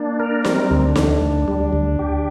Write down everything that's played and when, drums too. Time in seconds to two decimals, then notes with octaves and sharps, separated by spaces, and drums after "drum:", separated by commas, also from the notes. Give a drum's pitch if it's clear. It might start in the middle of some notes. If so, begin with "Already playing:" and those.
Already playing: A#3 D4
0.20 A#4
0.45 G3 C4, drum: snare
0.71 D2
0.83 D4
0.96 D3, drum: snare
1.21 D2
1.48 G3
1.73 D2
1.99 G4